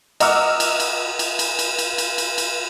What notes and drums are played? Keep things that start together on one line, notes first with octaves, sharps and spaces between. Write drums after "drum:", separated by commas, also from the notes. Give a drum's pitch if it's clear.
D#5 F#5 A#5 D6 E6 F6, drum: cymbal
drum: cymbal
drum: cymbal
drum: cymbal
drum: cymbal
drum: cymbal
drum: cymbal
drum: cymbal
drum: cymbal
drum: cymbal